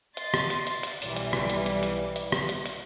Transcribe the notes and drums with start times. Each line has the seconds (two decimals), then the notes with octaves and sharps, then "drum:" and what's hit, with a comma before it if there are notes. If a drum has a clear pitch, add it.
0.17 D#5 C6 A6, drum: hi-hat
0.34 drum: rim click
0.50 drum: hi-hat
0.67 drum: hi-hat
0.83 drum: hi-hat
1.02 B1 E3 G3, drum: open hi-hat
1.16 drum: hi-hat
1.33 drum: rim click
1.50 drum: hi-hat
1.66 drum: hi-hat
1.83 drum: hi-hat
2.16 drum: hi-hat
2.32 drum: rim click
2.49 drum: hi-hat
2.66 drum: hi-hat